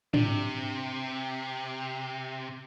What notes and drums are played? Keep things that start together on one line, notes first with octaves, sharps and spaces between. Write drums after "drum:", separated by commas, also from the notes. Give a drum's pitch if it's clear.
C3 D4, drum: tom